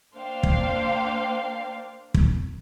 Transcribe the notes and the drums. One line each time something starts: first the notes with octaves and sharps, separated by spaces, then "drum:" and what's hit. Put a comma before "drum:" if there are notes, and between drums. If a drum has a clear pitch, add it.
A#3 D4 C5 F5 G5
drum: kick
drum: kick